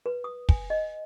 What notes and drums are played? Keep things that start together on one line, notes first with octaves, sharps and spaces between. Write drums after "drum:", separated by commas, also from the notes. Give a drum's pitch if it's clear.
B4
D#6
G#5, drum: kick
D#5